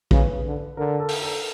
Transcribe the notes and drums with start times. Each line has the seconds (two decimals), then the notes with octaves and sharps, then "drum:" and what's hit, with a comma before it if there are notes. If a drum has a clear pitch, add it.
0.11 C#3 B4, drum: kick
0.45 D3
0.77 D3 A#4
1.00 A4
1.09 drum: open hi-hat
1.22 A4